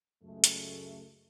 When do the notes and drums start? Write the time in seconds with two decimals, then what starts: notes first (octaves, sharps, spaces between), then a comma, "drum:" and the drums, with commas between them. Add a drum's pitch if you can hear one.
0.23 C#2 F#2 G#3 A3
0.44 drum: hi-hat